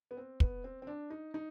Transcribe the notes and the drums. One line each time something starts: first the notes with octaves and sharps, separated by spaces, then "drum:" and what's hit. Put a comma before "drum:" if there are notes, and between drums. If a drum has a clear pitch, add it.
B3
C4
B3, drum: kick
C4
C4
D4
D#4
D#4